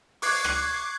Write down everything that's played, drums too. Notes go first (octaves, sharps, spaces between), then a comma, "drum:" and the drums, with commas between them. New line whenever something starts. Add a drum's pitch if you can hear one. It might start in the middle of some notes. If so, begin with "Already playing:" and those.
C#6 D6 F#6 G#6 C7, drum: open hi-hat
drum: rim click